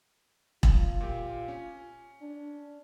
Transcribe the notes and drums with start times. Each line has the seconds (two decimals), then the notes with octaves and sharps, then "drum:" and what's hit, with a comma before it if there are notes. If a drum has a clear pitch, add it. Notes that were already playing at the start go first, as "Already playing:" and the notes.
0.63 F4, drum: kick E1
1.01 A#2 G4
1.48 C#4
2.21 D4